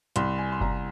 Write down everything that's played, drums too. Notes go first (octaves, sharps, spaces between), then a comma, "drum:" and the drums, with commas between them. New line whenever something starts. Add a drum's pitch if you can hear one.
C2 C6, drum: hi-hat
G#5
C6
C2 A#5, drum: kick F#1